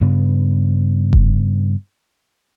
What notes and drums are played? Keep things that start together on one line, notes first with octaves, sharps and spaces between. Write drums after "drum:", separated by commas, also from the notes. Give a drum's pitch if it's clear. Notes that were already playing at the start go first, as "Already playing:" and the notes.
G2 C#3 B3
drum: kick F1